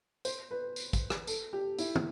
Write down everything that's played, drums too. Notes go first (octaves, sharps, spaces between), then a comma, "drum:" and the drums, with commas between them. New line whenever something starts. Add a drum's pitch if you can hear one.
C5, drum: tambourine
B4
drum: tambourine
drum: kick, tambourine
drum: rim click
A4, drum: tambourine
G4
E4, drum: tambourine
drum: tom